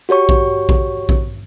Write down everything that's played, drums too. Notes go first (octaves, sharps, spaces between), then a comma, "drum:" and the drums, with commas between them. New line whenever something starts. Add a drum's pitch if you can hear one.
F#4 G4 C#5 C#6
drum: kick A#1
drum: kick A#1
drum: kick A#1